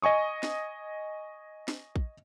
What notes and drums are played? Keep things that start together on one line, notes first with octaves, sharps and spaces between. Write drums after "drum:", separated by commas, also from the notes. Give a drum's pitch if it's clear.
D#5 G#5 C#6 D#6
drum: snare
drum: snare
drum: kick